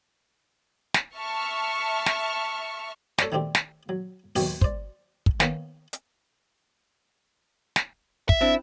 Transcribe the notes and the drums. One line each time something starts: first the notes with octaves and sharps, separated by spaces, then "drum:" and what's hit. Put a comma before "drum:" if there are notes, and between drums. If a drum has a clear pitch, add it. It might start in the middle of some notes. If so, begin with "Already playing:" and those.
drum: snare
E5 A5 C#6 F6
drum: snare
A4 C#5 D5, drum: snare
D#3 A3 C4 D4 G4
drum: snare
F#3
D#2 B2 F#3 D#4 G4 G5, drum: open hi-hat
C5 D5, drum: kick
drum: kick
D#3 A#3 B3 C#4, drum: snare
drum: hi-hat
drum: snare
E5, drum: kick
C4 D4 E4